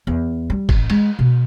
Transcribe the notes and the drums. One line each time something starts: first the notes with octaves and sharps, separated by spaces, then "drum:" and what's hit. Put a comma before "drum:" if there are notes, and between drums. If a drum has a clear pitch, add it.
E2
G3
A1, drum: kick, cymbal
G#3, drum: cymbal
B2